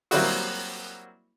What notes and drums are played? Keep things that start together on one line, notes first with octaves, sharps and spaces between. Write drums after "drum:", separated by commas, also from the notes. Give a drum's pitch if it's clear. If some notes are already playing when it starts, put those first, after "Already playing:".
F#3 G3 A#3 C4 E4 F#4, drum: open hi-hat